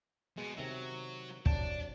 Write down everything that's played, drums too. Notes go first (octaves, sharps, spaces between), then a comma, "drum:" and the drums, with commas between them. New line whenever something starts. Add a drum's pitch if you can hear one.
B2 G#3
C3 D#3 F#3 E5
C3 F#3 D4 D5 A5, drum: kick